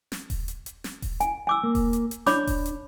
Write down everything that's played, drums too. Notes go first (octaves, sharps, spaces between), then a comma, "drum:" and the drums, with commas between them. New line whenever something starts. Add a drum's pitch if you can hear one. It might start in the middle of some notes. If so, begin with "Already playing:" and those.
drum: snare
drum: kick D#1, open hi-hat
drum: hi-hat
drum: hi-hat
drum: snare
drum: kick D#1, open hi-hat
G#5, drum: hi-hat
G#5 D6 E6
A#3
drum: kick D#1, open hi-hat
drum: hi-hat
drum: hi-hat
D4 C#5 B5 D6, drum: snare
drum: kick D#1, open hi-hat
drum: hi-hat